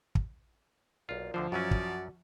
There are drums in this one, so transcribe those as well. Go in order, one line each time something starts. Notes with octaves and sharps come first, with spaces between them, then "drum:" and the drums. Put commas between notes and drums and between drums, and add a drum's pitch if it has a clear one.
drum: kick
B1 A#2 F4
D2 D3 F3 C5
F#2 F#3 C#4 F#4 D5
drum: kick